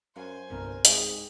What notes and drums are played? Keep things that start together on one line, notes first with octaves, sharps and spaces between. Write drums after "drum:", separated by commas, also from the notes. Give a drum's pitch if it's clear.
F#2 A#4 C5 F5 F#5 G#5
G1 C2 G2 C3 A#4
G#2 C4 G#4, drum: hi-hat